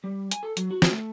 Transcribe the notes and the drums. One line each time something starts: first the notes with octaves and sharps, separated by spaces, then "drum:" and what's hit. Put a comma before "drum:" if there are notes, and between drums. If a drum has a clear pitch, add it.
G3
G#5, drum: hi-hat
A4
F#3, drum: hi-hat
F#4
drum: snare
A3